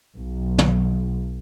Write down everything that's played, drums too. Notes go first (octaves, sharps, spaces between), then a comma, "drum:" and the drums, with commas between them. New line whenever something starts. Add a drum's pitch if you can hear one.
B1
drum: tom